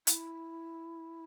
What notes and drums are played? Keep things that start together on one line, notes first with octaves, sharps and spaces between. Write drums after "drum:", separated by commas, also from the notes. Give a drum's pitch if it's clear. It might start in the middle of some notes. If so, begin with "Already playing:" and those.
E4, drum: hi-hat